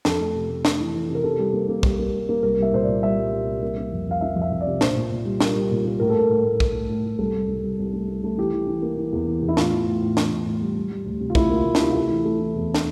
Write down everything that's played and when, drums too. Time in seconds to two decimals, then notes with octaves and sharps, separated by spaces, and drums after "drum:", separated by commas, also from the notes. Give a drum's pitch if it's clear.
0.05 F2 A4, drum: snare
0.20 A3
0.35 C3
0.50 A3
0.65 A3, drum: snare
0.80 E3
0.94 E3
1.09 C3
1.15 A#4
1.24 C3 A4
1.39 G3
1.53 A#3
1.69 A#3
1.83 G3, drum: kick
1.99 A#3
2.13 G3
2.29 A#3
2.43 C2 A#4
2.59 C2 E5
2.72 A#2 C5
2.83 A#2 D5
3.03 G3 E5
3.18 G3
3.33 G3
3.48 C2
3.62 A#3
3.78 A#3
3.92 F2
4.07 F2 F5
4.21 F3 E5
4.36 F2
4.42 E5
4.52 F2
4.61 D5
4.67 C3
4.81 A#2 C5, drum: snare
4.96 A#2
5.11 A#2
5.25 G3
5.40 A#3, drum: snare
5.56 G3
5.71 A#2
5.85 A#3
6.00 A2 A#4
6.10 A4
6.15 A2 A#4
6.29 A2
6.44 A2
6.60 A2, drum: kick
6.75 A2
6.89 A2
7.04 A2
7.19 C2 A4
7.33 C2
7.49 C2
7.63 C2
7.79 C2
7.93 A3
8.08 A3
8.24 A3
8.38 E3 G4
8.53 E3
8.67 E3
8.82 A#3
8.97 E3
9.12 E2
9.27 E3
9.42 E2
9.49 E4
9.57 A2 F4, drum: snare
9.73 E3
9.87 A2
10.02 A2
10.17 E3, drum: snare
10.32 A2
10.46 A2
10.62 G3
10.76 G3
10.91 G3
11.06 D2
11.20 C3
11.30 F4
11.35 D2 E4, drum: kick
11.50 A#3
11.56 F4
11.65 D2
11.75 C3 E4, drum: snare
11.90 F4
11.95 A3 E4
12.10 E3
12.25 A3
12.39 E3
12.55 E2
12.74 drum: snare